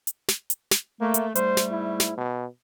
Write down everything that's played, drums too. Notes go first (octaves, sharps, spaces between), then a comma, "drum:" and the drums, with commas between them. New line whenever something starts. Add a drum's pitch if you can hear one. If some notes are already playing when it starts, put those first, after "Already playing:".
drum: hi-hat
drum: snare
drum: hi-hat
drum: snare
A3 A#3
drum: hi-hat
G#2 G3 A3 C5, drum: hi-hat
drum: snare
E4
drum: snare
B2